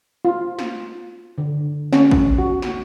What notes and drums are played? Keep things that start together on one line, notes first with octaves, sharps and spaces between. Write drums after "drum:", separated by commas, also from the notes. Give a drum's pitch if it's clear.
F4
drum: snare
D3
C#4, drum: snare
drum: kick
F#4
drum: snare